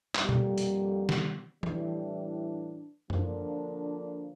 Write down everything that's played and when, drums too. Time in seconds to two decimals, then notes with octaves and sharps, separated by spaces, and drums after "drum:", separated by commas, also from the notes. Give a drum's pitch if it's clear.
0.15 F2 D3 G3 A#3, drum: clap
0.29 drum: tom A#2
0.58 drum: hi-hat
1.09 drum: snare
1.63 A2 E3 G3 D4, drum: tom E3
3.10 D3 F3 A#3 D4, drum: tom F#2